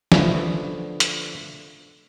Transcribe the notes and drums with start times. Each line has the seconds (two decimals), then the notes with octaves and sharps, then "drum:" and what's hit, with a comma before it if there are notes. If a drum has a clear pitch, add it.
0.12 D3 F3 A3 B3, drum: snare
1.00 drum: hi-hat